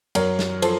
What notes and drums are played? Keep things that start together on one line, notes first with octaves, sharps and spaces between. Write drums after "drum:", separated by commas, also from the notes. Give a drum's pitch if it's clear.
F#2 A#4 C#5, drum: cymbal
drum: snare
F3 A4 C5, drum: cymbal